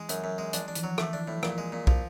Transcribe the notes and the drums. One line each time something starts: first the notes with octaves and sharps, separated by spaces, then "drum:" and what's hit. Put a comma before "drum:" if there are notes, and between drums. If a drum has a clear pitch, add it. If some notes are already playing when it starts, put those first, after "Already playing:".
Already playing: E3 G#3
F#2, drum: hi-hat
F#2
G#3
F3 D4, drum: hi-hat
D4
E3, drum: hi-hat
F#3
E3 A3, drum: rim click
F3 D4
A2 F#3
A#2, drum: rim click
G#3
A#2
F3, drum: kick